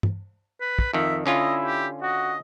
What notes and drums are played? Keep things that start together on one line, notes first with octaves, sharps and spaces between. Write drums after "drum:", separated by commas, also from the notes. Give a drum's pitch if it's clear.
drum: tom G2
B4
drum: kick
F2 D#3 E5
D3 C#4 E4 F4 D#5
G4
F#4 D#5